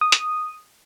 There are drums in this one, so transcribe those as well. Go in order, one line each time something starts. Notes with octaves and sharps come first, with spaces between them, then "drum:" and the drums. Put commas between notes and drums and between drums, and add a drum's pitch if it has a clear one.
D#6
drum: hi-hat